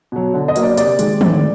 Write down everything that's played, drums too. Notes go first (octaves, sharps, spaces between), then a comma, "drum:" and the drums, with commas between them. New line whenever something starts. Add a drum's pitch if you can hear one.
B2 F#3
D3
D#5
F#3 A#3, drum: hi-hat
D5
C3 D5, drum: hi-hat
D#3 G#3, drum: hi-hat
A2, drum: tom